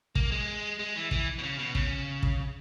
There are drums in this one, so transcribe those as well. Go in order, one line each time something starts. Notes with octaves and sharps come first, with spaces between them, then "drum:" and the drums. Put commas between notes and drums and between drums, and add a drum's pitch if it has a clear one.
A#3, drum: kick
G#3
G#3
E3
E3, drum: kick
B2
C#3
B2
C#3, drum: kick
drum: kick